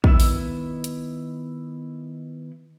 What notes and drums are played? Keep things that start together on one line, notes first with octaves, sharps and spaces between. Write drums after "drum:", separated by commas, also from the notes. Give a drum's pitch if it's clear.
D#3 B3 E4 E5, drum: kick
drum: open hi-hat
drum: hi-hat